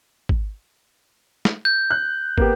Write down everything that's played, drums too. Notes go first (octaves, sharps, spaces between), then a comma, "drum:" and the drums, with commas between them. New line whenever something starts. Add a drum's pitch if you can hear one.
drum: kick
drum: snare
G6
F#6
A#3 B3 G4, drum: kick